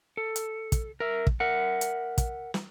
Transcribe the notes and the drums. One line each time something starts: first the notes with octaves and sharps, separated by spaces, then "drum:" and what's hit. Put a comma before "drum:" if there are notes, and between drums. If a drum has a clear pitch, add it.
A4
drum: hi-hat
drum: kick, hi-hat
A#4 E5
drum: kick
A#4 E5 F#5
drum: hi-hat
drum: kick, hi-hat
drum: snare